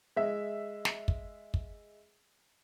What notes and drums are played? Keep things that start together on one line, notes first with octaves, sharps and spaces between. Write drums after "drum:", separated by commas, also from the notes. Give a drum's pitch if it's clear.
G#3 E5
drum: snare
drum: kick
drum: kick